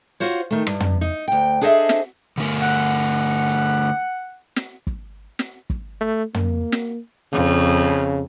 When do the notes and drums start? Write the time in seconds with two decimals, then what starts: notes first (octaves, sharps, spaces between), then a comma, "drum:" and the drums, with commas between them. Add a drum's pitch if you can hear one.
0.20 F4 F#4 C5 C#5
0.51 D#3 A3
0.67 G2, drum: rim click
0.80 drum: tom
1.01 D#4
1.28 D2 G5
1.61 D4 G#4 A4 C5 D#5 E5
1.89 drum: snare
2.37 D3 A3 A#4
2.63 F#5
3.48 drum: hi-hat
4.56 drum: snare
4.87 drum: kick
5.39 drum: snare
5.70 drum: kick
6.01 A3
6.34 A#3, drum: tom
6.72 drum: snare
7.33 F2 C#3